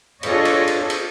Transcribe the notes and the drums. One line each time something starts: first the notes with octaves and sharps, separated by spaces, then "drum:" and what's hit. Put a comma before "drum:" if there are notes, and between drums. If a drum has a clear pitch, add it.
D4 F4 G#4 A4 C#5 D#5, drum: cymbal
drum: cymbal
drum: cymbal
drum: cymbal